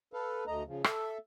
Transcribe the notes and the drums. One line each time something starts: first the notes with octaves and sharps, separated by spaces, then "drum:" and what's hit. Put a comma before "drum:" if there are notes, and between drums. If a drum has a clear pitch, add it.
A4 B4 F5
D2 A3 D#5 A#5
C#3 F3
A4 E5, drum: rim click